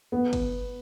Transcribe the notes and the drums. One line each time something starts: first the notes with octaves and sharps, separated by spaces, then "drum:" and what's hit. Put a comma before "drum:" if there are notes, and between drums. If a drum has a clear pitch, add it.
B3
drum: kick, cymbal